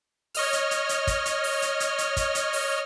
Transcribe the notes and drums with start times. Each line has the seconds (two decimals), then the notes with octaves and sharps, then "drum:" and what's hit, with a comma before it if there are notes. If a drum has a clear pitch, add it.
0.34 C#5 D#5 F6, drum: open hi-hat
0.53 drum: hi-hat
0.71 drum: hi-hat
0.89 drum: hi-hat
1.07 drum: kick, hi-hat
1.26 drum: hi-hat
1.44 drum: open hi-hat
1.62 drum: hi-hat
1.80 drum: hi-hat
1.98 drum: hi-hat
2.17 drum: kick, hi-hat
2.35 drum: hi-hat
2.53 drum: open hi-hat